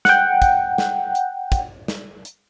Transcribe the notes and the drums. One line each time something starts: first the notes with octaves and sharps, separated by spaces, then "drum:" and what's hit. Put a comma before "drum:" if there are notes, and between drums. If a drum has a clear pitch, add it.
F#5 G5, drum: snare
drum: kick, hi-hat
drum: snare
drum: hi-hat
drum: kick, hi-hat
drum: snare
drum: hi-hat